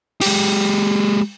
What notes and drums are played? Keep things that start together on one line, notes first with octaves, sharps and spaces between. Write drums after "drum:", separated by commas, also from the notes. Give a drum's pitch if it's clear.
G#3 G4, drum: open hi-hat